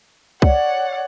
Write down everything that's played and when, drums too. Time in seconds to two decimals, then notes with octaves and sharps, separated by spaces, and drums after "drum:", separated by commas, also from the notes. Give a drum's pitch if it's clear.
0.42 C#5 D5 F#5, drum: kick C2